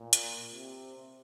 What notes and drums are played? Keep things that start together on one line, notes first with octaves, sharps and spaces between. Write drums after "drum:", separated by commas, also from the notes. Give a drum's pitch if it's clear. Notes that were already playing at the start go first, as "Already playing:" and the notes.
Already playing: A#2
drum: hi-hat
C3